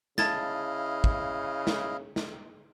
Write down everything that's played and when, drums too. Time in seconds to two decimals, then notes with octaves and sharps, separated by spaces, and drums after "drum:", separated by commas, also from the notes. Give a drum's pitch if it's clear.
0.18 C#3 E4 D#5 F5 A5 G#6 A6, drum: snare
1.04 drum: kick
1.67 drum: snare
2.16 drum: snare